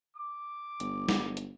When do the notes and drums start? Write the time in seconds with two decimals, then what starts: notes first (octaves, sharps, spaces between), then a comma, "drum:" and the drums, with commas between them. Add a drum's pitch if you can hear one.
0.16 D6
0.80 G1, drum: hi-hat
1.09 drum: snare
1.37 drum: hi-hat